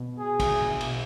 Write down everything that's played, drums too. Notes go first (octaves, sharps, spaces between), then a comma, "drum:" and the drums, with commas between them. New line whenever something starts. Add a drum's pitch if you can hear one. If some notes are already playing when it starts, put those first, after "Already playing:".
Already playing: B2
G#4
drum: kick, cymbal
drum: cymbal